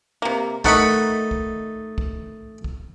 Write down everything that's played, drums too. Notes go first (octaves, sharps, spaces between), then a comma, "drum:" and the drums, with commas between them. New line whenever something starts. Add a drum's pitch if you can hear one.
C3 A#3
D#3 A3 D#4 F#5 B5 C#6, drum: kick
drum: kick
drum: kick
drum: kick